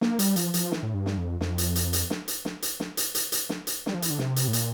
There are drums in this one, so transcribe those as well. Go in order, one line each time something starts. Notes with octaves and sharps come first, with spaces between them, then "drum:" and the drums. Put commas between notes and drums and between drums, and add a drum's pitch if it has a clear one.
A#3, drum: snare
G3, drum: hi-hat
F3, drum: hi-hat
F3, drum: hi-hat
E3, drum: snare
A2
G2
drum: snare
F2
F2, drum: snare
drum: hi-hat
drum: hi-hat
drum: hi-hat
drum: snare
drum: hi-hat
drum: snare
drum: hi-hat
drum: snare
drum: hi-hat
drum: hi-hat
drum: hi-hat
drum: snare
drum: hi-hat
G3, drum: snare
F3
E3, drum: hi-hat
D3
C3, drum: snare
drum: hi-hat
A2
A#2, drum: hi-hat